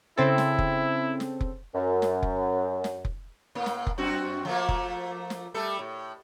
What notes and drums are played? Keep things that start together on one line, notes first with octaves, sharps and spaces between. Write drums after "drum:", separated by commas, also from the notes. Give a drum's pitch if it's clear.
C#3 C4 E4 A4
drum: snare
drum: kick F1
drum: snare
drum: kick F1
F#2
drum: snare
drum: kick F1
drum: snare
drum: kick F1
A2 A#3
drum: snare
drum: kick F1
F#2 C4 F#4
F3 A3 A#3
drum: kick F1
drum: snare
G3 A3 A4
A2